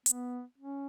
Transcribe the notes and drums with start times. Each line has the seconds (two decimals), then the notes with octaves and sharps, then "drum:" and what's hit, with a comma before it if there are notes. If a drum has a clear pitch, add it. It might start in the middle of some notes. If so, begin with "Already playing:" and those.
0.06 B3, drum: hi-hat
0.58 C#4